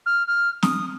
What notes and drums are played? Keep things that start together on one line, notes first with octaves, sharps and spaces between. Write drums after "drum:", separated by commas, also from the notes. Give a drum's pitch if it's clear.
F6
F6
D#6, drum: snare